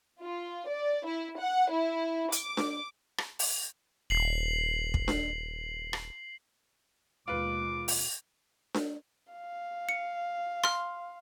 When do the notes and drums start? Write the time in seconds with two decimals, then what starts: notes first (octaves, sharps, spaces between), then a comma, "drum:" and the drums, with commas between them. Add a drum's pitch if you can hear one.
0.22 F4
0.69 D5
1.06 E4
1.40 F#5
1.72 E4
2.32 D6, drum: hi-hat
2.57 drum: snare D4
3.18 drum: rim click
3.39 drum: open hi-hat
4.10 D#1 C7 F#7
4.94 drum: kick
5.08 drum: snare D4
5.93 drum: rim click
7.28 D#2 B2 G#3 F4 B4 D6
7.88 drum: open hi-hat
8.74 drum: snare D4
9.32 F5
9.89 C#7
10.64 C6 F6, drum: rim click